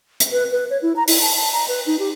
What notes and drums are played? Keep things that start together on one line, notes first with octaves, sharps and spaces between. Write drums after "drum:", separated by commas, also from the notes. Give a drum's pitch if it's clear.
drum: hi-hat
B4
B4
C#5
E4
A#5
E4, drum: open hi-hat
A5
A5
A#5
B4
D#4
G4